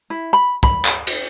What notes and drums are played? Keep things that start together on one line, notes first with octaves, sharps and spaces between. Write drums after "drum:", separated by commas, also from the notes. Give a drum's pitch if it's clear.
E4
B5
B5, drum: kick
drum: clap
drum: cymbal